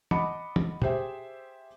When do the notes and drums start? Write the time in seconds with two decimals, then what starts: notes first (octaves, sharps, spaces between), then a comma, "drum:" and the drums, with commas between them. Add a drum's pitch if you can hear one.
0.11 D#5 F#5 A5 B5 D6 C#7, drum: tom
0.56 drum: tom
0.82 G4 G#4 C5 E5 G5, drum: tom